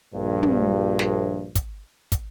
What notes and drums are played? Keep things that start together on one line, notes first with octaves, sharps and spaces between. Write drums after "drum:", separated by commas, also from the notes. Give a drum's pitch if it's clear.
A#1 G2
drum: tom
drum: snare
drum: kick, hi-hat
drum: kick, hi-hat